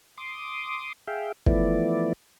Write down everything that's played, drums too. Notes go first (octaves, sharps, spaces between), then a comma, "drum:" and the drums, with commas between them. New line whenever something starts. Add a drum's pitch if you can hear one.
C6 D6 D#6
G#4 E5 F5 G5
E3 F3 A3 B3 E4 D5, drum: kick